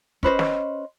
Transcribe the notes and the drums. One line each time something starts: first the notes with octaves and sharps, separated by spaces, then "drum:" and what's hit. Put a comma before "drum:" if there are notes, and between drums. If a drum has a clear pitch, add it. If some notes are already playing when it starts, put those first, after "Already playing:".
C#4 B4 C5 D#5, drum: kick
drum: snare